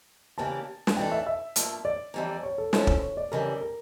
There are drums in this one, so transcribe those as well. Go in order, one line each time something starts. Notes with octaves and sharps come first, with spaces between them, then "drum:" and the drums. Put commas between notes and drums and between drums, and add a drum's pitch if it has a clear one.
C#3 E3 A#3 D4 G4 A5
drum: snare
E3 A3 D4 A4 G5
E5
E5
G2 F3 A#3, drum: hi-hat
D5
F2 E3 G3 A#3
C#5
A4
E2 C#3 F3 C#4 E4, drum: snare
drum: kick
C#5
D5
F2 C#3 E3 G3 A#4
A#4